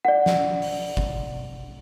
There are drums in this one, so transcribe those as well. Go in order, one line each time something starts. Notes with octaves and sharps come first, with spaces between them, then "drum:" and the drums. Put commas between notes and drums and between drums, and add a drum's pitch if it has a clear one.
D5 F#5
drum: snare
drum: open hi-hat
drum: kick G1